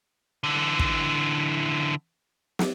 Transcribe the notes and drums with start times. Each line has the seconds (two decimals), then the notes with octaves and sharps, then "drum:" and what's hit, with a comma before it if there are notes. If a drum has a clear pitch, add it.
0.44 D3 E3
0.79 drum: kick
2.59 drum: snare